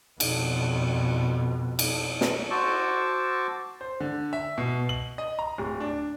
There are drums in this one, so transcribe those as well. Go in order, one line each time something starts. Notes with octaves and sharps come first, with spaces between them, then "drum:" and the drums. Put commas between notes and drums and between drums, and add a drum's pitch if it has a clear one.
F2 B2, drum: cymbal
drum: cymbal
drum: snare
F#4 C5 A5 C#6 D6 E6
C5
D3
E5
B2
F#7
D#5
A#5
D1
D4